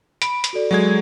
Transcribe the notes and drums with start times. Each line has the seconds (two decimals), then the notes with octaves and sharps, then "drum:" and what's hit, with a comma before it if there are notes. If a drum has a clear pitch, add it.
0.22 B5 D7, drum: hi-hat
0.44 drum: hi-hat
0.53 F#4 A4 D5
0.71 F#3 G#3 G#6